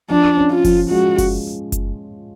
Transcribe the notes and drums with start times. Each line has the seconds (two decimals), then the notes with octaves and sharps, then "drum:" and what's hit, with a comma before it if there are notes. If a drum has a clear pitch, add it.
0.10 F3 D4
0.37 C#4
0.51 F4
0.64 F3, drum: kick F#1, open hi-hat
0.91 G#3 F#4
1.18 drum: kick F#1, open hi-hat
1.72 drum: kick F#1, hi-hat